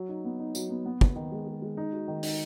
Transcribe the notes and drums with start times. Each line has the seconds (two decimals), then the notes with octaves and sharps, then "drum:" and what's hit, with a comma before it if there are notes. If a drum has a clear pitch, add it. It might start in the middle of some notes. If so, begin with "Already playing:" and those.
Already playing: F#3
0.09 D#4
0.25 B3
0.39 D#4
0.55 F#3, drum: tambourine
0.70 B3
0.85 B3
1.01 B3, drum: kick
1.15 D#3
1.32 G#3
1.47 G#3
1.62 G#3
1.77 D#4
1.93 F#4
2.08 D#3
2.23 D#4, drum: open hi-hat